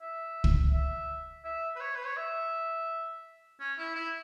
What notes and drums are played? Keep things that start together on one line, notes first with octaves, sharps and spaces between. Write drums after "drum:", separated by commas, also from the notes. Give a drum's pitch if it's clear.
E5
drum: kick
E5
E5
B4
C#5
B4
C#5
E5
C#4
E4
E4